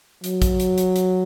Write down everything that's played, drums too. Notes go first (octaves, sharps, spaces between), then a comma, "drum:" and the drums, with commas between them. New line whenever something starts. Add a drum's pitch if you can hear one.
F#3, drum: hi-hat
drum: kick, hi-hat
drum: hi-hat
drum: hi-hat
drum: hi-hat